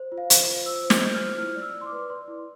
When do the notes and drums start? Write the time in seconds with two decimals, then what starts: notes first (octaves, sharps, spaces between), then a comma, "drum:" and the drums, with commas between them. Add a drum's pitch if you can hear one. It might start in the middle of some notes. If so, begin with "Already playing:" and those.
Already playing: C5
0.12 F4
0.18 F5
0.30 C5, drum: hi-hat
0.48 F4
0.66 C5 E6
0.84 C5
0.90 G6, drum: snare
1.02 F4
1.14 F6
1.19 C5
1.38 E4 F6
1.55 D5
1.61 E6
1.74 D5
1.81 C6
1.86 D6
1.92 B4
2.10 D5 C6
2.28 E4